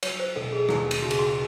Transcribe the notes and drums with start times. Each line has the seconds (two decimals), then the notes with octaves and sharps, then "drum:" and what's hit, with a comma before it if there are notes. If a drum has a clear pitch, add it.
0.03 F#3 C#5, drum: cymbal
0.20 C5
0.36 E1 A4
0.52 G#4
0.69 D#2 E4, drum: rim click
0.91 drum: cymbal
1.02 C#3 F#4
1.11 G#4, drum: cymbal
1.19 F#4